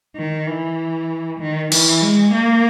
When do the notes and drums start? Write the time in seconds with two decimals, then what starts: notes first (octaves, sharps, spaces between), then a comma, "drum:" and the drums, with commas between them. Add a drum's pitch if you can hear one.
0.16 D#3
0.47 E3
1.39 D#3
1.72 E3, drum: cymbal
2.02 G#3
2.33 A#3